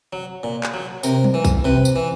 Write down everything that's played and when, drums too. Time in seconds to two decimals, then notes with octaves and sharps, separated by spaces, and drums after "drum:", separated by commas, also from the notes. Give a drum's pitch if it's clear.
0.13 F#3
0.43 A#2
0.63 drum: clap
0.74 F#3
1.03 C3 A#4, drum: tambourine
1.24 drum: tom F#3
1.34 E3
1.45 drum: kick A#1, tambourine
1.64 C3 B4
1.85 drum: tambourine
1.96 E3